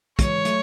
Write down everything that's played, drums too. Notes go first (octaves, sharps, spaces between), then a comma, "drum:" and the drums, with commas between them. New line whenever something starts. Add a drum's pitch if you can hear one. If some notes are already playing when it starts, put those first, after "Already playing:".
E3 G#3 C#5, drum: kick, hi-hat
F#3 A3, drum: hi-hat